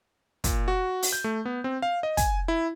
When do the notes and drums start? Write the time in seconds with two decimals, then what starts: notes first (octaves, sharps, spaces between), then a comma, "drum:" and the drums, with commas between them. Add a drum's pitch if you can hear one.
0.44 A#2, drum: kick, hi-hat
0.68 F#4
1.03 drum: open hi-hat
1.13 G6
1.24 A3
1.45 B3
1.64 C4
1.82 F5
2.03 D#5
2.17 G#5, drum: kick, hi-hat
2.48 E4